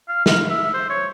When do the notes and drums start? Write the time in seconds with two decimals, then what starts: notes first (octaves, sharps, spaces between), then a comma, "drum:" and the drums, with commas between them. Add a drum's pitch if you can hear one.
0.09 F5
0.26 F5, drum: snare
0.50 E5
0.74 C5
0.90 C#5